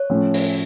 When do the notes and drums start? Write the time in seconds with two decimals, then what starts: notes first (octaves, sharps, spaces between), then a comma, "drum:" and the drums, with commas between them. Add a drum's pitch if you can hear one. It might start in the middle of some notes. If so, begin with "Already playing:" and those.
Already playing: C#5
0.10 A2 F3 A3 C#4
0.34 drum: open hi-hat